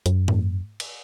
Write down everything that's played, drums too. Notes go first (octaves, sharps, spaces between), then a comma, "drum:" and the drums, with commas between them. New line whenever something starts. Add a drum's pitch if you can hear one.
F#2, drum: hi-hat
drum: tom G#2
drum: cymbal